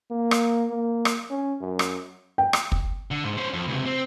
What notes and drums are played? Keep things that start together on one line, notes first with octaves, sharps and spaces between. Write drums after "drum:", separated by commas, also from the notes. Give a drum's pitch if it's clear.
A#3
drum: rim click
A#3
drum: rim click
C#4
F#2
drum: rim click
G5
drum: rim click
drum: kick
D3
G#2
C#4 C5
F2
C#2 C3
C4